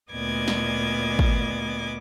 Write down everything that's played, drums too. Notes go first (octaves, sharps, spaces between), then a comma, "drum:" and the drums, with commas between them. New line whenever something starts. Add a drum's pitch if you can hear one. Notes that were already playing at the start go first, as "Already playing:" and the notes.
D2 A#2 B3 D#5 D6 G#6
drum: snare
drum: kick